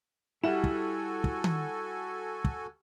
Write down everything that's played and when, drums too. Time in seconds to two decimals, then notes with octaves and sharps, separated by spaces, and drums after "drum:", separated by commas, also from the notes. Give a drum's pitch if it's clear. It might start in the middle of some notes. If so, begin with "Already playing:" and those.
0.44 G3 E4 F#4 A4 E5 F#5 G#5 E7
0.64 drum: kick
1.24 drum: kick
1.44 drum: tom D#3
2.45 drum: kick